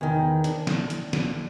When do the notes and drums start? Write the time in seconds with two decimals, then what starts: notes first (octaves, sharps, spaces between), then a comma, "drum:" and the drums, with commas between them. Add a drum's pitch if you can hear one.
0.01 E2 D#3
0.44 D4, drum: hi-hat
0.67 drum: snare
0.90 drum: hi-hat
1.13 drum: snare